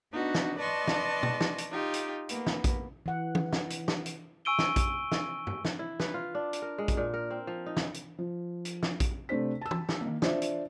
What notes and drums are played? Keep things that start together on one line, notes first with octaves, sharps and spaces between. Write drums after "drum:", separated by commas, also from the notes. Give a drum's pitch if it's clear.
B3 D4 D#4 F#4
drum: snare
B4 D5 D#5 A5 C6 C#6
drum: snare
drum: tom
drum: snare
drum: hi-hat
D#4 F4 G4
drum: hi-hat
A#3 B3, drum: hi-hat
drum: snare
drum: kick A#1, hi-hat
E3 F#5
drum: tom
drum: snare
drum: hi-hat
drum: snare
drum: hi-hat
G#5 C#6 E6 D7 D#7 G7
drum: snare
drum: kick A#1, hi-hat
drum: snare
drum: tom
drum: snare
E4
B4, drum: snare
F4
D4
drum: hi-hat
A#4
G#3
drum: kick A#1, hi-hat
A#2
A#4
C4
F3
D#4
drum: snare
drum: hi-hat
F3
drum: hi-hat
drum: snare
drum: kick A#1, hi-hat
C3 A3 D4 C5 B6
A5 E6
drum: tom
drum: snare
D#3 A#3
D4 F4 C5 D5 E5, drum: snare
drum: hi-hat